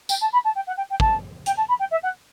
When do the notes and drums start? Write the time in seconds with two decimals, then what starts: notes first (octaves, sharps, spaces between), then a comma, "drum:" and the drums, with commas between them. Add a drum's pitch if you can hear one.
0.09 G5, drum: tambourine
0.21 A5
0.32 B5
0.44 A5
0.55 G5
0.66 F#5
0.77 G5
0.89 G5
1.00 A5, drum: kick
1.46 G5, drum: hi-hat
1.57 A5
1.68 B5
1.79 G5
1.91 E5
2.03 F#5